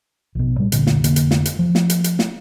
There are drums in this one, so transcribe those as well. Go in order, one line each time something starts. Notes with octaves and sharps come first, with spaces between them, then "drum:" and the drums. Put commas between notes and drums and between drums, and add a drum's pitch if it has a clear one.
A#1 B2
A2 G3
F1 C2 A#2 D3, drum: hi-hat
drum: snare
F1 D3 A#3, drum: hi-hat
drum: hi-hat
drum: snare
drum: hi-hat
F3
drum: snare
drum: hi-hat
drum: hi-hat
drum: snare